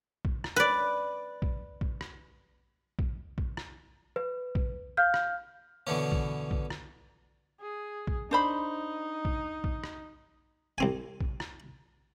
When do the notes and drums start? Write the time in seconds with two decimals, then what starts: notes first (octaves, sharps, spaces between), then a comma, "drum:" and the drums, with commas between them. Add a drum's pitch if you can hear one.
0.25 drum: kick
0.44 drum: rim click
0.56 B4 D5
1.42 drum: kick
1.81 drum: kick
2.01 drum: rim click
2.99 drum: kick
3.38 drum: kick
3.57 drum: rim click
4.16 B4
4.55 drum: kick
4.97 F5 F6 G6
5.14 drum: rim click
5.87 B2 D3 E3 C#4
6.12 drum: kick
6.51 drum: kick
6.70 drum: rim click
7.60 G#4
8.07 drum: kick
8.31 D4 D#4 C5 B5
9.25 drum: kick
9.64 drum: kick
9.84 drum: rim click
10.78 C2 C4 G#5
11.21 drum: kick
11.40 drum: rim click